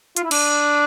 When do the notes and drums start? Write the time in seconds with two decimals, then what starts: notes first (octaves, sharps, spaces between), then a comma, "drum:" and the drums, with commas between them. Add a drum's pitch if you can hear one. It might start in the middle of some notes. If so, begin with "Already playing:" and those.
0.17 F4, drum: hi-hat
0.24 E4
0.31 D4, drum: cymbal